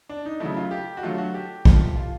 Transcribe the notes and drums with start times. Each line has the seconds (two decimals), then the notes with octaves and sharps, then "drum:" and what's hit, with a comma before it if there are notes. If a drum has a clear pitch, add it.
0.09 D4
0.26 D#4
0.40 C#3 F#3 A3 E4
0.57 F4
0.71 G4
0.97 F#4
1.03 D3 F#3 A3 F4
1.18 F#4
1.34 G4
1.65 A#2 F3 A3, drum: kick A#1
1.96 F4